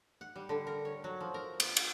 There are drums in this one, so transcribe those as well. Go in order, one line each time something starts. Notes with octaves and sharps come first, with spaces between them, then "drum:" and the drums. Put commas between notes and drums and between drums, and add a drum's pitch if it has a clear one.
F#5
G3
D3
A#4
C#5
F#3
F3
A#4
B3, drum: cymbal
drum: cymbal